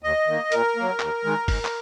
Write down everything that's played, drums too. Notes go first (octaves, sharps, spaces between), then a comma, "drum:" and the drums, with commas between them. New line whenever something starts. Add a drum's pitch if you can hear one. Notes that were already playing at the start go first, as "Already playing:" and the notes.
D#2 D#5
D#3 A#3
A#2 A#4, drum: hi-hat
F#3 A#3
D#2, drum: clap
D#3 G#3
G#2, drum: kick, open hi-hat
drum: clap